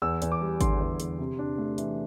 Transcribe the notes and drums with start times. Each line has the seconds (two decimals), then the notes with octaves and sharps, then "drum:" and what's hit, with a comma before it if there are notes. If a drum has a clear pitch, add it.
0.02 E2 E6
0.22 E2, drum: hi-hat
0.32 D6
0.41 G3
0.61 D3 C6, drum: kick G#1, hi-hat
0.80 E2
1.00 E2, drum: hi-hat
1.19 C3
1.39 D4
1.58 A3
1.78 E3, drum: hi-hat